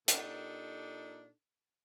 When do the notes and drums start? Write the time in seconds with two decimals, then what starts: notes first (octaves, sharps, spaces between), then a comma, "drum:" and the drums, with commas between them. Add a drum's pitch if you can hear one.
0.08 A#2 D4 D#4 G4 A4, drum: hi-hat